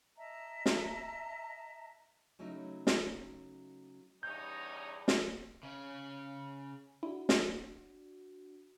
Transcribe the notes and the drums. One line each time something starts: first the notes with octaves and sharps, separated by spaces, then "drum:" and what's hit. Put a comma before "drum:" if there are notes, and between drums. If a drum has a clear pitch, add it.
D#5 E5 A5 A#5
drum: snare
C#3 F#3 A3 D#4 E4
drum: snare
E2 G2 C#4 D#4 G6
drum: snare
C#3 C#4
D4 E4 F#4
drum: snare